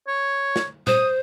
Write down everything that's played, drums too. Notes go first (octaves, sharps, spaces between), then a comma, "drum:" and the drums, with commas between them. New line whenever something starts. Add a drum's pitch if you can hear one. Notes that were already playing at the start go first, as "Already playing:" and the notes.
C#5
drum: snare
C5 D#6, drum: tom A#2